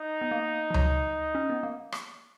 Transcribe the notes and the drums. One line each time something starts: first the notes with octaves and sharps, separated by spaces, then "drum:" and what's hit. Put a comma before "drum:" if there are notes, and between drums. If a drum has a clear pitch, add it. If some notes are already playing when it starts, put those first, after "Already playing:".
Already playing: D#4
B3
A#3
F3
F#3, drum: tom C#2
C#4
B3
A#3
drum: rim click